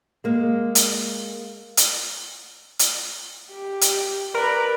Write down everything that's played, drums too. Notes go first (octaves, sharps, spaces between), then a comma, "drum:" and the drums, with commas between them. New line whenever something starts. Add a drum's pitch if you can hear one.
G#3 A#3
drum: hi-hat
drum: hi-hat
drum: hi-hat
G4
drum: hi-hat
A#4 B4 D5